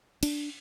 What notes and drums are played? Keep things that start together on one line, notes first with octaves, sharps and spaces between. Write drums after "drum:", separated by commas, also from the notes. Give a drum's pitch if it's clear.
D4, drum: cymbal